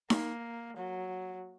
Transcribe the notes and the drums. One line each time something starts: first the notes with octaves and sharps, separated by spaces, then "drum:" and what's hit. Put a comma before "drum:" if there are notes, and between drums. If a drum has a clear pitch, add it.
A#3, drum: snare D#4
F#3